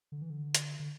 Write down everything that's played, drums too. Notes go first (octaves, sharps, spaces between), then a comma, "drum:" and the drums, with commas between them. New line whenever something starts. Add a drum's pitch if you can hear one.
D3
E3
D3
drum: hi-hat
D3